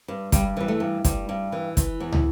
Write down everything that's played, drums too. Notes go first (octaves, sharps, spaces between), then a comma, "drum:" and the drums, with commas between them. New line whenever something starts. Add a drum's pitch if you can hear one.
G2
G2 G3, drum: kick, hi-hat
E3 G3
A3
G2
G2 G3, drum: kick, hi-hat
G2
E3
E3, drum: kick, hi-hat
E2
drum: tom